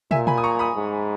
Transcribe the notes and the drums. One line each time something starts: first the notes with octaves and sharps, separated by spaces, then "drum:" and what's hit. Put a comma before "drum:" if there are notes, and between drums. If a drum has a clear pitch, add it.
A#2 E5 G#5, drum: tom
G#5 B5, drum: tom
D#6
A#5 C#6
B5 D#6
G#2